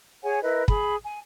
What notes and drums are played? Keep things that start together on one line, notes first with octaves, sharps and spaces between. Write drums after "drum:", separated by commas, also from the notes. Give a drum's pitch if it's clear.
G#4 C#5 F#5 G#5
E4 A#4 B4 D#5
G#4 B5, drum: kick
G#5